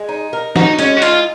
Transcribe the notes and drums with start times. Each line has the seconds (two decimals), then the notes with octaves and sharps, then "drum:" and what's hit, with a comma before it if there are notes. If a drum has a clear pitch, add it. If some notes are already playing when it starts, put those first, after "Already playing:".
Already playing: G#3
0.09 D#4
0.33 A#4
0.56 D#4 F#4, drum: snare
0.79 G#3 C#4, drum: hi-hat
0.97 F#4
1.02 D#4 F4, drum: hi-hat